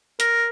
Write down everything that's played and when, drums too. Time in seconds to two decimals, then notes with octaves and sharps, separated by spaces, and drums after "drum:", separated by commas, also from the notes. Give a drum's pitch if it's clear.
0.20 A#4, drum: hi-hat